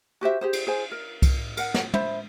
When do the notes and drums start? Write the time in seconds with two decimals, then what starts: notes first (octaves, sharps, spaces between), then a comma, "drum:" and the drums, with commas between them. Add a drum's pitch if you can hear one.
0.21 F#4 G4 C5 E5
0.41 G4 G#4 C5
0.53 drum: cymbal
0.67 G#4 C5 G#5
0.91 A#4
1.22 drum: kick C2, cymbal
1.57 A#4 F#5, drum: cymbal
1.74 drum: snare
1.94 C5 E5 B5, drum: tom